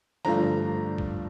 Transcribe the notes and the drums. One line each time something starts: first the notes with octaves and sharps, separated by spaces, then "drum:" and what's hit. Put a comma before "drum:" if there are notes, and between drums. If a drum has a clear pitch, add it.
G2 D3 F3 A3 D4 A#5, drum: snare
drum: kick